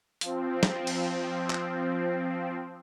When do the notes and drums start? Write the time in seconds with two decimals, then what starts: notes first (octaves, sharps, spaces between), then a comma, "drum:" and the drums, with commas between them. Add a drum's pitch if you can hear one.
0.21 F3 C4, drum: hi-hat
0.63 drum: snare
0.87 drum: cymbal
1.50 drum: clap